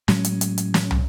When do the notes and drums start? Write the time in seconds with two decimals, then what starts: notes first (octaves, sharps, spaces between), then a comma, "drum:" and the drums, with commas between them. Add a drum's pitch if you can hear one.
0.08 A2 F#3 G#3 C#4, drum: snare
0.25 drum: hi-hat
0.41 drum: hi-hat
0.58 drum: hi-hat
0.74 drum: snare
0.91 drum: tom